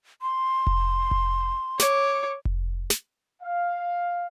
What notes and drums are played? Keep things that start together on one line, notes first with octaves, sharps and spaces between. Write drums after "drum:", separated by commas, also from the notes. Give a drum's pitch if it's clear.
C6
drum: kick F1
drum: kick F1
C#5 D6, drum: snare
drum: kick F1
drum: snare
F5